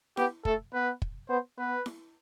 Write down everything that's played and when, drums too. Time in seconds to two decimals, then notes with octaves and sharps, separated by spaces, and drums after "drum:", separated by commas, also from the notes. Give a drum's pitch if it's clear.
0.17 B3 G4, drum: snare E4
0.45 A3 A4, drum: kick
0.74 B3 B4
1.02 drum: kick
1.29 B3 C5
1.58 B3 B4
1.86 drum: snare E4